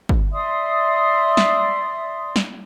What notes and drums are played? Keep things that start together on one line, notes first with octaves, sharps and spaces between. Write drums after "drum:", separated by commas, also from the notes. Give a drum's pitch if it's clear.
drum: kick
D5 E5 C6 D#6
drum: snare
drum: snare